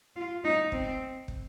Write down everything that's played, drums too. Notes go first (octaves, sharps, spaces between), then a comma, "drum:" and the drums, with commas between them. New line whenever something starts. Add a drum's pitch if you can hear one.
F4
D#4
C4, drum: kick
drum: kick